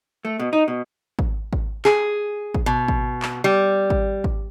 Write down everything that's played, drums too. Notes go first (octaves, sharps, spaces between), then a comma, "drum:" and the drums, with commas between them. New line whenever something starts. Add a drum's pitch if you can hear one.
A3
B2
D#4
B2
drum: kick G#1
drum: kick G#1
G#4, drum: clap
drum: kick G#1
B2
drum: kick G#1
drum: clap
G3
drum: kick G#1
drum: kick G#1